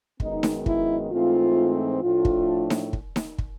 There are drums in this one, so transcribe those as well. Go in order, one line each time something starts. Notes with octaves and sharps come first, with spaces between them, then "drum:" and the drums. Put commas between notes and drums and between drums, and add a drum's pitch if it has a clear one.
F#2 D#3 G#3 B3 D#4, drum: kick
drum: snare D#4
E4, drum: kick
G#2 E3 A3 C4 F4
A2 F3 A3 D4 F4
drum: kick
drum: snare D#4
drum: kick
drum: snare D#4
drum: kick